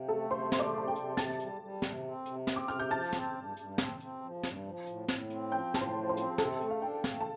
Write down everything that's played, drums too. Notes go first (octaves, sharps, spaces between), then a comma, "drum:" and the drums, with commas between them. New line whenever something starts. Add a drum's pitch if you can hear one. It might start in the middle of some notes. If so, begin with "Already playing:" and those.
Already playing: C3 F5 G5
A3 A4 A5
C3 C5 C6
A3 C6, drum: snare
D5 D6
C3 A5
G5
C3, drum: hi-hat
C3 A5 A6, drum: snare
G3, drum: hi-hat
G3
C3, drum: snare
C4
C3, drum: hi-hat
C4, drum: snare
D6
C3 F6, drum: hi-hat
G6
F3 A5 A6
C4, drum: snare
G2
G2, drum: hi-hat
C4, drum: snare
C4, drum: hi-hat
F3
G2, drum: snare
F3
A2, drum: hi-hat
A2, drum: snare
C4, drum: hi-hat
F3 G5 G6
A2 A5, drum: snare
C5 C6
F3
C5 C6
C4, drum: hi-hat
C3 A4 A5, drum: snare
A3, drum: hi-hat
F5
D4 G5
A3, drum: snare
A5